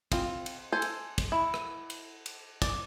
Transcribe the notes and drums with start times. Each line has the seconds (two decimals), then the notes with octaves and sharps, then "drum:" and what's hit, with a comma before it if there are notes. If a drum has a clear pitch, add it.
0.12 C4 F4, drum: kick, cymbal
0.46 drum: cymbal
0.72 A4 C5 G#5
0.82 drum: cymbal
1.18 drum: kick, cymbal
1.32 E4
1.54 drum: rim click
1.90 drum: cymbal
2.26 drum: cymbal
2.62 D5, drum: kick, cymbal